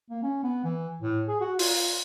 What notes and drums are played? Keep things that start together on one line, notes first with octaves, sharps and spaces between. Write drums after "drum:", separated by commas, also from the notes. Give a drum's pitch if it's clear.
A#3
C#4
B3
E3
A2
G#4
F#4
F4, drum: open hi-hat